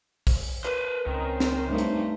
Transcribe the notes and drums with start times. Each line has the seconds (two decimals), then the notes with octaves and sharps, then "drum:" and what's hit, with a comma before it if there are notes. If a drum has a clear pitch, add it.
0.27 drum: kick, open hi-hat
0.65 B4 C5, drum: hi-hat
1.06 C#2 D#3 C4 C#4 C5
1.40 drum: snare
1.68 G2 A3 D#4
1.78 drum: hi-hat